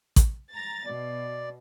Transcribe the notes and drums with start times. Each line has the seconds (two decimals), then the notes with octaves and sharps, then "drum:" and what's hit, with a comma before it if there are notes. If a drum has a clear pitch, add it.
0.16 drum: kick A1, hi-hat
0.53 A#5 A6
0.86 B2 D5